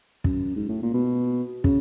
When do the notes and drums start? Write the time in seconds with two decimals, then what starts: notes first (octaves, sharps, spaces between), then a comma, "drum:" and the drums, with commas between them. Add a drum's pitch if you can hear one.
0.24 F#2, drum: kick
0.56 G#2
0.69 A2
0.82 A#2
0.94 B2
1.64 C#3, drum: kick